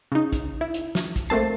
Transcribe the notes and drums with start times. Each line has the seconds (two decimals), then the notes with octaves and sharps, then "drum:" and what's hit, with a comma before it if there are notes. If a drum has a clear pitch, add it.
0.12 C#3 D#4
0.33 drum: kick, hi-hat
0.61 E4
0.74 drum: hi-hat
0.95 drum: snare
1.16 drum: kick, hi-hat
1.29 A3 A#3 C4 A5 C7